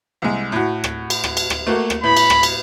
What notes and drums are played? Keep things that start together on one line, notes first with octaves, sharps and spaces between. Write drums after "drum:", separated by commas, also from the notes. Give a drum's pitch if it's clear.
C2 G#3
A2 F#4
drum: rim click
drum: cymbal
drum: rim click
drum: cymbal
drum: rim click
A3 A#3 F#4
drum: rim click
A2 B3 B5
drum: cymbal
drum: rim click
drum: cymbal